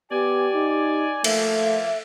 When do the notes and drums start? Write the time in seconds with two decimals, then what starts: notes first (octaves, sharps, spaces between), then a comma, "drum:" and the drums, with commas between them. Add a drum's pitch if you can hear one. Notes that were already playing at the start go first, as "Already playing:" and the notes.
0.11 B3 G4 D5 G#5
0.54 D#4
1.24 F3 A3 A#3 E5, drum: cymbal